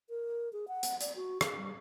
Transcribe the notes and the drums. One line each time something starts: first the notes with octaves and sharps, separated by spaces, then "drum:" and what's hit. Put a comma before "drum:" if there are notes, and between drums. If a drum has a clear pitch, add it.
A#4
G#4
F#5
drum: hi-hat
D5, drum: hi-hat
F#4
G#4, drum: rim click
G3